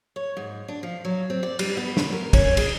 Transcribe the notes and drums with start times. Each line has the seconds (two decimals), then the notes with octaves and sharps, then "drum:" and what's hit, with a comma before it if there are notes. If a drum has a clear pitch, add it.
0.16 C#5
0.37 G#2
0.68 D4
0.83 F3
1.05 F#3
1.30 C4
1.43 D5
1.59 G3, drum: cymbal
1.77 B3
1.97 drum: snare
2.12 A#4
2.33 C#4, drum: kick, cymbal
2.57 G#4, drum: cymbal